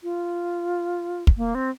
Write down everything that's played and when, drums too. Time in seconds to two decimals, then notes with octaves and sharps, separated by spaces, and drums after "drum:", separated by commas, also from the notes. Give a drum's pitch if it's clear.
0.03 F4
1.27 drum: kick
1.37 A#3
1.55 C4